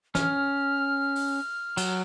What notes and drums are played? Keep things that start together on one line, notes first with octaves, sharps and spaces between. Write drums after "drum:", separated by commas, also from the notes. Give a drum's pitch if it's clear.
C#4 F6, drum: snare
drum: open hi-hat
F#3, drum: cymbal